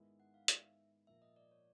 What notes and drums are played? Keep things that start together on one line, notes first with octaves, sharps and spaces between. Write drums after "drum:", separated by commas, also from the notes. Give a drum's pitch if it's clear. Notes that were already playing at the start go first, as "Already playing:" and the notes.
Already playing: G#2 D#3 G#3 B3 E4
F#5
F5
E5, drum: hi-hat
A#2 F3 A#3 E5
D#5
D5
C#5